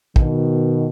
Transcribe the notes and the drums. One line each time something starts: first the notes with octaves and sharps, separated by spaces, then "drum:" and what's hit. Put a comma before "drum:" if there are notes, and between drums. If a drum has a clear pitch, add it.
B2 D#3, drum: kick